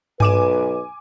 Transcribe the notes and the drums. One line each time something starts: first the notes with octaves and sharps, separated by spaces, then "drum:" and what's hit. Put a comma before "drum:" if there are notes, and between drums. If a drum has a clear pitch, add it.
B1 B4 G#5 D6 E7, drum: tom G2